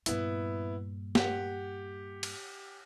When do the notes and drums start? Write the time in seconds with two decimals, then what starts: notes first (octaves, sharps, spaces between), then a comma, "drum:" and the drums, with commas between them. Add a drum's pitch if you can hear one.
0.06 G2 A#2 B3 E4, drum: hi-hat
1.15 G4 F#5, drum: snare
2.23 drum: cymbal